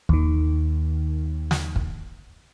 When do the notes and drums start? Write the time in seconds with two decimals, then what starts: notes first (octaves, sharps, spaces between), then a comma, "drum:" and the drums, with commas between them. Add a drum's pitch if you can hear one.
0.09 D#2 D#3, drum: kick
1.51 drum: snare
1.76 drum: kick